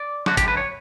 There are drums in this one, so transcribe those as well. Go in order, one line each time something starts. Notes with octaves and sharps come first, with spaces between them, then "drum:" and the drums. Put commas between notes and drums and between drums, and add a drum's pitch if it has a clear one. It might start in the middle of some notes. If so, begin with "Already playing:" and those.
Already playing: D5
F#2 D3 F#4, drum: snare
G4, drum: kick G1, hi-hat
B4
C#5